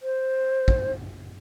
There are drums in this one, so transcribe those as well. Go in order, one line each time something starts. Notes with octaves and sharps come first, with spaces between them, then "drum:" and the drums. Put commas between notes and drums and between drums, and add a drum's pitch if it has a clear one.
C5
drum: kick